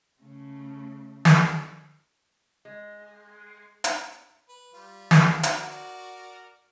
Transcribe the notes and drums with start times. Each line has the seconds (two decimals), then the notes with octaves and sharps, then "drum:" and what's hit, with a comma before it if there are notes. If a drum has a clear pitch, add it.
0.21 C#3 A3
1.25 drum: snare
2.65 G#3
3.84 drum: hi-hat
4.49 B4
4.74 G3 F4
5.11 drum: snare
5.43 F#4 A#4 D5, drum: hi-hat